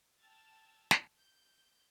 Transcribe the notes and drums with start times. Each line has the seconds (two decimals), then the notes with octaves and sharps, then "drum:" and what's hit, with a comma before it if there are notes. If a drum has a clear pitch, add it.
0.19 G5 A5 E6 F6 G#6 A6
0.91 drum: snare
1.16 G6